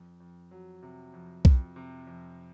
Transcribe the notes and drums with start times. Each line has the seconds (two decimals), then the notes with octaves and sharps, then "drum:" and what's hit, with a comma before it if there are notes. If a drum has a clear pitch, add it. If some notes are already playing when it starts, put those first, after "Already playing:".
Already playing: F2
0.20 F2
0.51 F#3
0.83 C3
1.14 F2
1.45 F2, drum: kick B1
1.76 C3
2.07 F2